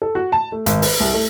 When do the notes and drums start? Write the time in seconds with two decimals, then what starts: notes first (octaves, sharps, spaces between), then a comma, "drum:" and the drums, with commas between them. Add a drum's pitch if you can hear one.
0.02 A4
0.15 F#4
0.32 A5
0.52 A3
0.66 G#1, drum: hi-hat
0.82 B4, drum: open hi-hat
1.00 C2
1.14 A3